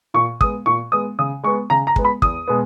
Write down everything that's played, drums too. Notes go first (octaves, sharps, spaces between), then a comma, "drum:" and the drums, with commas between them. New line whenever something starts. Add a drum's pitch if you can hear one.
A#2 C#6
G#3 B3 D#6, drum: kick
A#2 C#6
G#3 B3 D#6
C#3 D#6
G#3 B3 C#6
C#3 A#5
A#5
G#3 B3, drum: kick
B5
E2 D#6, drum: kick
B2 G#3 B3